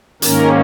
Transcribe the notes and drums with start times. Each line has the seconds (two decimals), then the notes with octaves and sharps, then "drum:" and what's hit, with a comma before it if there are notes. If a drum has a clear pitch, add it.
0.22 G#2 D#3 A#3 C#4 A#4, drum: hi-hat